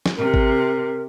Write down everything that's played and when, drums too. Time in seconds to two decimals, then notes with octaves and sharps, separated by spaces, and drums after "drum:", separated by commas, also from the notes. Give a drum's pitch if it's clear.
0.06 drum: snare
0.17 C3 A#4
0.34 drum: kick G#1